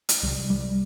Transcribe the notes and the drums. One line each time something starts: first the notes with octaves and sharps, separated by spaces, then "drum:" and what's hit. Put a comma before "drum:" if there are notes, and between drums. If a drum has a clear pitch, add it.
drum: hi-hat
C2 C3 G3
G3